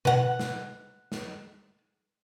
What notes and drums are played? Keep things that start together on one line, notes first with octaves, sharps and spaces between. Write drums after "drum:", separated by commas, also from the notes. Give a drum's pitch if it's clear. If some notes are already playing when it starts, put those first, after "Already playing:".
B4 F#5, drum: tom B2
drum: snare
drum: snare